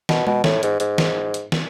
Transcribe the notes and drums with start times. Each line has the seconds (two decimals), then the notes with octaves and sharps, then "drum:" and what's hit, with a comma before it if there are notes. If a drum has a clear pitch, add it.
0.09 B2, drum: snare
0.27 B2, drum: tom G#3
0.44 A2, drum: snare
0.63 G#2, drum: hi-hat
0.80 G#2, drum: hi-hat
0.98 drum: snare
1.34 drum: hi-hat
1.52 drum: snare